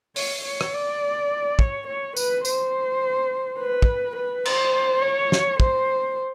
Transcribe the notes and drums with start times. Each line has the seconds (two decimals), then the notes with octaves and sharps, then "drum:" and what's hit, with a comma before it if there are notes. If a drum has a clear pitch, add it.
0.16 C#5, drum: open hi-hat
0.44 C#5
0.61 drum: rim click
0.73 D5
1.59 C#5, drum: kick
1.87 C#5
2.17 B4, drum: tambourine
2.45 C5, drum: tambourine
3.59 B4
3.82 drum: kick
4.16 B4
4.45 C5, drum: cymbal
5.02 C#5
5.32 drum: snare
5.60 C5, drum: kick